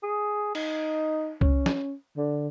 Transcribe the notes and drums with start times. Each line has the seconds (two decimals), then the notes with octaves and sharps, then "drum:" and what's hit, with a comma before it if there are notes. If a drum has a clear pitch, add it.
0.03 G#4
0.55 D#4, drum: cymbal
1.41 C#4, drum: kick C2
1.66 drum: snare
2.17 D3